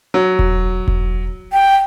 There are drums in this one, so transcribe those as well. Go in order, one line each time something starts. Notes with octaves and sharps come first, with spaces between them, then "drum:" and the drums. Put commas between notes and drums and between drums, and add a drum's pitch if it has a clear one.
F#3
drum: kick E1
drum: kick E1
G5